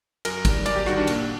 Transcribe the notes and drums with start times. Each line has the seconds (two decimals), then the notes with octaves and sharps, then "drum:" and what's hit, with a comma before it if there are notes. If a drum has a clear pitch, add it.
0.25 F#2 A#4, drum: cymbal
0.45 D#3 G3, drum: kick, cymbal
0.66 F#2 D5, drum: cymbal
0.76 G4
0.86 D#3 G3 F#4, drum: rim click
0.97 D4
1.07 A#2, drum: cymbal